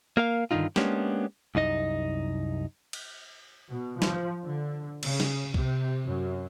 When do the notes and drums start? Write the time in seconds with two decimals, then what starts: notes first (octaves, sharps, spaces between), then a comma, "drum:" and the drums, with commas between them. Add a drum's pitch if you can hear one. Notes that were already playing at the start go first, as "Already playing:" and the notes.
0.17 A#3 A#4 F5
0.51 G2 D3 D#3 F#3 D#4 F4
0.76 G#3 A#3 B3 C#4 D4 G4, drum: snare
1.55 C2 F#2 D#4 D#5
2.93 drum: cymbal
3.71 B2
4.02 F3, drum: snare
4.44 D3
5.03 C#3, drum: cymbal
5.20 drum: snare
5.54 C3, drum: kick C2
6.04 F#2